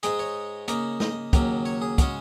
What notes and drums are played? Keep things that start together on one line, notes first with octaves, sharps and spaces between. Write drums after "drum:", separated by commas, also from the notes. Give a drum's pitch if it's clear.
G#2 G#3 D#4 G#4, drum: hi-hat
C#5
C#3 A#3 D#4, drum: hi-hat
D#5, drum: snare
D#2 C#3 F#3 A#3, drum: kick, hi-hat
C#5
G#4
C#3 G#3 C#4 F#4, drum: kick, hi-hat